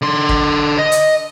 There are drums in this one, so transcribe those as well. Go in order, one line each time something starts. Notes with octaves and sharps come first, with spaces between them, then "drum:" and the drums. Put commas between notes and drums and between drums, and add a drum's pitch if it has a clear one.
D3 C6
drum: kick
D#5
drum: hi-hat